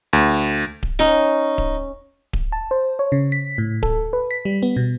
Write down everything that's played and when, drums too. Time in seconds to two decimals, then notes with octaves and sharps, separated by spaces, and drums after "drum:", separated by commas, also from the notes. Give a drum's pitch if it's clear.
0.13 D2
0.83 drum: kick D1
0.99 C#4 D#4
1.58 drum: kick D1
2.33 drum: kick D1
2.52 A5
2.71 C5
2.99 C#5
3.12 C#3
3.32 B6
3.58 A2
3.83 A4, drum: kick D1
4.13 B4
4.31 B6
4.45 G3
4.63 B3
4.77 B2